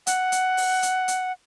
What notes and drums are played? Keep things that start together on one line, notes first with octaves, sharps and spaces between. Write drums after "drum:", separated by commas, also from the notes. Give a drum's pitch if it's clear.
F#5, drum: hi-hat
drum: hi-hat
drum: open hi-hat
drum: hi-hat
drum: hi-hat